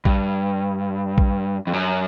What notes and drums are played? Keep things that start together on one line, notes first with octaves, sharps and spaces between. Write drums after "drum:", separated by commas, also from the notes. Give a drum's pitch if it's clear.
G2, drum: kick A#1
drum: kick A#1
F2
F#2